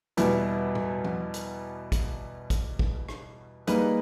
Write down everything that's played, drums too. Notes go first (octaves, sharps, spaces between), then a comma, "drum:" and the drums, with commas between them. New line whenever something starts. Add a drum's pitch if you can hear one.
E2 B2 G3 B3 E4, drum: hi-hat
drum: tom A2
drum: tom
drum: hi-hat
drum: kick, hi-hat
drum: kick, hi-hat
drum: kick
drum: rim click
G3 A#3 D#4 G#4 B4, drum: hi-hat